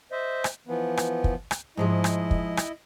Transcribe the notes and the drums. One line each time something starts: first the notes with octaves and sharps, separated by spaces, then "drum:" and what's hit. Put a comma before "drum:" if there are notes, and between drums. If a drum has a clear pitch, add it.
C5 D#5 E5
drum: rim click
E3 F3 B3
drum: rim click
drum: kick
drum: rim click
G#2 F3 G#3 E4 D#5
drum: rim click
drum: kick
drum: rim click